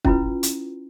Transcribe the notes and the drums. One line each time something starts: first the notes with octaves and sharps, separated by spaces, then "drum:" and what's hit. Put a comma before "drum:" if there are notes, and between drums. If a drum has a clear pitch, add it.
C#4 E4 F4 B4, drum: kick
drum: hi-hat